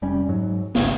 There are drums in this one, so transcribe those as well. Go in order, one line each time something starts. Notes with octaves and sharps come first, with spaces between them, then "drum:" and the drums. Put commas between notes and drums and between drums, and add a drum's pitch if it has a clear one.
F1 G3 C#4
G#2 F#3
D1 G#1 D2 C#3, drum: snare